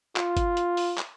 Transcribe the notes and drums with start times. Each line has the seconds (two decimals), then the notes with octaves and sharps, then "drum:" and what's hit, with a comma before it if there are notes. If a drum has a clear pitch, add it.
0.16 F4, drum: clap
0.37 drum: kick G1, hi-hat
0.57 drum: hi-hat
0.77 drum: open hi-hat
0.98 drum: clap